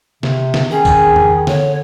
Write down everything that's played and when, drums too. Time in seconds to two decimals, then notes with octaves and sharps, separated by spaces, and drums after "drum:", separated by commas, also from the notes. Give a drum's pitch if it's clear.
0.23 C3, drum: snare
0.54 drum: snare
0.71 D#3 C#4 G#4
0.85 drum: kick, tambourine
1.16 drum: tom E2
1.47 D3 C#5, drum: snare